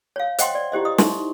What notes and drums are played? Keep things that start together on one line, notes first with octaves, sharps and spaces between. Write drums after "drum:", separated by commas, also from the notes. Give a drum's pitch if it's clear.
C#5 F5
C5 D#5 F#5 G5 C6, drum: hi-hat
D5
E4 G4 C5 D#5
D#5 D#6
D#4 E4 E5 C6 C#6, drum: snare